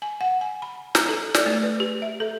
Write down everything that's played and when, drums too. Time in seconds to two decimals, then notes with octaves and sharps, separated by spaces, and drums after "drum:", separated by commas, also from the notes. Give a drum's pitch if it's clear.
0.02 G#5
0.21 F#5
0.41 G#5
0.62 B5
0.95 A#5, drum: snare
1.09 A4
1.34 D5, drum: snare
1.46 A3
1.63 B4
1.80 G4
2.02 E5
2.20 A4